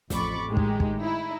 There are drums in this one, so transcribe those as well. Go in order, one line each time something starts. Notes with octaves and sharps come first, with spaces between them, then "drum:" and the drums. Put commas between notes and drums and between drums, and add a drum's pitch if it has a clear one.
A1 F2 B5 C#6 D6 A6, drum: snare
A2 D#3 G#3 D#4 G4
drum: kick
drum: kick
D#4 E4